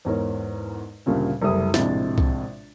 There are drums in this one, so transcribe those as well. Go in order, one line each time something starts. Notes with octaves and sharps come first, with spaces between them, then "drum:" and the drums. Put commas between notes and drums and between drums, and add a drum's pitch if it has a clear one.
E2 G#2 A#4 C#5
D2 A#2 C#3 G3
F#1 C2 G3 A3 E4 D#6
A#1 A2 C3 G#3 E4 A6, drum: snare
drum: kick C2